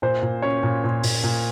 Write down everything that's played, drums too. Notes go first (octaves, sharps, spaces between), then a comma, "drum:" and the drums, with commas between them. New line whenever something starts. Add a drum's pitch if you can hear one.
A#2 C5
A#2
C#4 C#5
A#2
A#2
A#2, drum: open hi-hat
A#2